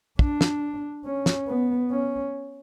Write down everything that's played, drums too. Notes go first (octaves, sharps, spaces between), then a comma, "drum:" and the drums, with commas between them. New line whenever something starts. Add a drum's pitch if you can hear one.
D4, drum: kick
drum: snare
C#4
drum: snare
B3
C#4